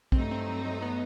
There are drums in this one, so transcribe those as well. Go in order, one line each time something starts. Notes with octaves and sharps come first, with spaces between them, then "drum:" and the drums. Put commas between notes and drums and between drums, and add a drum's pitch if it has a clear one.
G2 F#3 A3 C4 D#4, drum: kick A#1
C4
B3